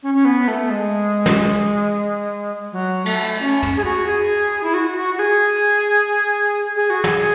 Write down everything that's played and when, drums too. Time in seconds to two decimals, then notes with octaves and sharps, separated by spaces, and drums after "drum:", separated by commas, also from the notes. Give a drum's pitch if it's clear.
0.03 C#4
0.14 C#4
0.25 B3
0.48 A3, drum: hi-hat
0.70 G#3
1.26 drum: snare
2.72 F#3
3.06 A3, drum: cymbal
3.40 C#4, drum: hi-hat
3.63 drum: tom
3.77 G#4
3.84 F#4
4.07 G#4
4.63 E4
4.74 F#4
4.97 F#4
5.15 F#4
5.19 G#4
6.76 G#4
6.90 F#4
7.04 G#4, drum: snare